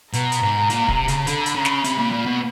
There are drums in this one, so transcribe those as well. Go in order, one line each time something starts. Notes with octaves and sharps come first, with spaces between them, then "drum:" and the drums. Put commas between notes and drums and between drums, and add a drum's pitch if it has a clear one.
B2 A#5, drum: hi-hat
drum: hi-hat
G#2
A#2, drum: hi-hat
C3, drum: kick
C#3, drum: hi-hat
D3 B5, drum: hi-hat
drum: hi-hat
C#3
drum: snare
C3, drum: hi-hat
A#2
A#2
B2